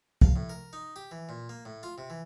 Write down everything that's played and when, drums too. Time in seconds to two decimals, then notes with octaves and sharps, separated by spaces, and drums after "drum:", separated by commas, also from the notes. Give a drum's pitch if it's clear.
0.22 F5, drum: kick
0.36 A2
0.49 A#4
0.73 D#4
0.96 G4
1.11 E3
1.29 A#2
1.49 A#3
1.65 A2
1.83 F4
1.98 C3
2.10 E3